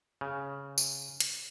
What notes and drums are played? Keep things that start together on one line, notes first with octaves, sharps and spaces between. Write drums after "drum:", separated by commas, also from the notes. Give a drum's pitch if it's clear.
C#3
drum: tambourine
drum: hi-hat